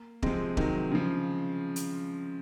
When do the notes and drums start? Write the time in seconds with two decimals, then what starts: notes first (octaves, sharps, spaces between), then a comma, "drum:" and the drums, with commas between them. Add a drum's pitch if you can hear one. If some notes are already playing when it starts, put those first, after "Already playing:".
Already playing: A#3
0.23 C3 F3 G#3 C4, drum: kick
0.57 C3 D#3 F#3, drum: kick
0.92 C#3 F3
1.76 drum: hi-hat